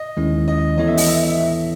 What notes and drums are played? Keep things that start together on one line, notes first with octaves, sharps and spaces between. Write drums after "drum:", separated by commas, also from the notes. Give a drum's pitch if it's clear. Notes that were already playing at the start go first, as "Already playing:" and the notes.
Already playing: D#5
D#2 D#3 G#3 C#4 E4
D#5
E3 B3 E4 A4 C#5 D#5
E5
D#5, drum: open hi-hat
E5
E5